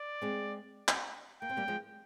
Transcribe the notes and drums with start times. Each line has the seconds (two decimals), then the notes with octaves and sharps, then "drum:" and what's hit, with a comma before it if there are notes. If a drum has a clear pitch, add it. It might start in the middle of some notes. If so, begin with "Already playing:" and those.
Already playing: D5
0.22 G#3 C4
0.88 drum: clap
1.42 A#3 G5
1.50 C4
1.57 G3 A#3
1.68 F3 G#3